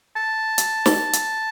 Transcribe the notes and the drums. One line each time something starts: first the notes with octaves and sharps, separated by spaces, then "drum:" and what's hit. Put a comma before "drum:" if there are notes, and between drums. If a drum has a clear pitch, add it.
A5
drum: hi-hat
drum: snare
drum: hi-hat